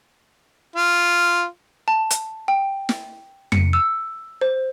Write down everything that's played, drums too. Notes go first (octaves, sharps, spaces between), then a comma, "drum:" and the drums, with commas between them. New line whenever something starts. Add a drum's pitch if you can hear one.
F4
A5
drum: hi-hat
G5
drum: snare
C#7, drum: tom F2
E6
C5